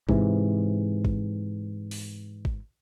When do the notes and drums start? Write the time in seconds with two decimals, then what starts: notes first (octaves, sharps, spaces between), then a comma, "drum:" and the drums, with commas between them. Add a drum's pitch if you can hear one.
0.09 G#2 C3 E3, drum: kick G#1
1.05 drum: kick G#1
1.91 drum: open hi-hat
2.45 drum: kick G#1